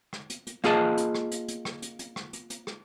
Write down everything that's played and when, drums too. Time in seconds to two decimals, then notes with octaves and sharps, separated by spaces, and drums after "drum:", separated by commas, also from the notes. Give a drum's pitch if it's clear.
0.13 drum: rim click
0.30 drum: hi-hat
0.47 drum: hi-hat
0.64 A#3 F4 G#4 D#5 A5, drum: rim click
0.98 drum: hi-hat
1.15 drum: rim click
1.31 drum: hi-hat
1.48 drum: hi-hat
1.65 drum: rim click
1.82 drum: hi-hat
1.99 drum: hi-hat
2.16 drum: rim click
2.33 drum: hi-hat
2.50 drum: hi-hat
2.67 drum: rim click